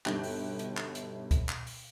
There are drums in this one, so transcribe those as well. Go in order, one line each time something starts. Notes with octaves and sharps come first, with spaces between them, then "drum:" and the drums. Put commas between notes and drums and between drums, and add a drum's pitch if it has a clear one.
G1 B2 D#4 G4 G5 F#6, drum: clap
drum: open hi-hat
drum: hi-hat
drum: clap
drum: hi-hat
drum: kick, hi-hat
drum: clap
drum: open hi-hat